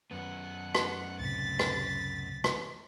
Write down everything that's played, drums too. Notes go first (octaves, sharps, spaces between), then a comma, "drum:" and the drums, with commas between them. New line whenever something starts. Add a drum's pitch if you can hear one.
F#2 B3 F#5
drum: rim click
C#2 A2 C3 A6 B6
drum: rim click
drum: rim click